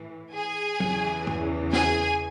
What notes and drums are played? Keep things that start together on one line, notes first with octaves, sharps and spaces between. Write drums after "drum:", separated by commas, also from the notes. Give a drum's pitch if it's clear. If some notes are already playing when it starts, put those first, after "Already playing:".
Already playing: A2 E3
G#4 G#5
E2 C#3 E3, drum: tom
drum: tom
G#4 G#5, drum: snare